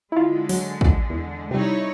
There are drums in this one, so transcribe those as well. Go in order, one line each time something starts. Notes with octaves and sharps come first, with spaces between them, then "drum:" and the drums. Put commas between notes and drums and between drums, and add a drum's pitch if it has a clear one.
D3 G#3 E4 F4
F#3, drum: open hi-hat
drum: kick
E2
C3 G3 D#4 E4 C#5